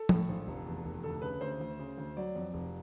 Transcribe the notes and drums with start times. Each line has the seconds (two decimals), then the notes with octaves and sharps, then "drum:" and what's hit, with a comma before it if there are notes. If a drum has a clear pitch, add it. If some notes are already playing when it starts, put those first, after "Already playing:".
Already playing: A4
0.09 A2, drum: tom F3
0.29 A#1
0.47 F1
0.66 E2
0.85 F1
1.03 D2 A4
1.22 C#3 B4
1.41 D2 C5
1.60 D2
1.79 C#3
1.98 D2
2.17 F#3 D5
2.36 F2
2.53 F1